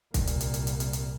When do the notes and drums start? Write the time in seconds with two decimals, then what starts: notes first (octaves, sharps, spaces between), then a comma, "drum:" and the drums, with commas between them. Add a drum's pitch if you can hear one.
0.14 C2 A#2, drum: kick, hi-hat
0.27 drum: hi-hat
0.41 drum: hi-hat
0.54 drum: hi-hat
0.67 drum: hi-hat
0.80 drum: hi-hat
0.93 drum: hi-hat